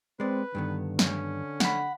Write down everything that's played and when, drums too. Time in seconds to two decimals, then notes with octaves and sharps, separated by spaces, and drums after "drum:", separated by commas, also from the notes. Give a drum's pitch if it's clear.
0.20 G#3 C4 B4 D5
0.55 G2 D3 D#3 B3
0.99 C#4, drum: snare
1.60 F#5 B5, drum: snare